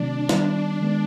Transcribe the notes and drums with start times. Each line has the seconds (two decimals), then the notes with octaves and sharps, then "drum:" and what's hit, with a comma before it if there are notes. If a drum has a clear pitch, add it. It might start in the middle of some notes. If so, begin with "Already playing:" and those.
Already playing: C3 D#3 F#3 A3 C4 D4
0.29 D#3 G3 B3 D4, drum: snare
0.81 D#3 G#3 B3